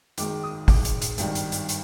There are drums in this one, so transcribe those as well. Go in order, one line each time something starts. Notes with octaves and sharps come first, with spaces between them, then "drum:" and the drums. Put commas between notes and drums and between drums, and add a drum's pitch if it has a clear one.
G#1 G#2 D#3 D6, drum: hi-hat
D#6
D6, drum: kick, open hi-hat
drum: hi-hat
drum: hi-hat
G#1 G2 D#3 G3, drum: hi-hat
drum: hi-hat
drum: hi-hat
drum: hi-hat